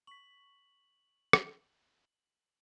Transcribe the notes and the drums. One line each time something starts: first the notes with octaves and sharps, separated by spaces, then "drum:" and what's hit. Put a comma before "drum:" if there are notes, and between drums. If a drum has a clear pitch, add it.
C#6 B6 F#7
drum: rim click